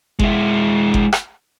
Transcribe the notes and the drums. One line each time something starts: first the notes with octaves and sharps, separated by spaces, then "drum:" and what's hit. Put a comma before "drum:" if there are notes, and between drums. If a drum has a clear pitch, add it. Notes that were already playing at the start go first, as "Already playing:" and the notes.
G#3 E4, drum: kick G1
drum: kick G1
drum: rim click